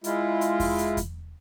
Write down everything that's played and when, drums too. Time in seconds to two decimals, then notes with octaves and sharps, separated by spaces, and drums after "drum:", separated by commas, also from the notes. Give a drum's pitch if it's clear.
0.04 G#3 E4 F4, drum: hi-hat
0.41 drum: hi-hat
0.60 drum: kick E2, open hi-hat
0.78 drum: hi-hat
0.97 drum: kick E2, hi-hat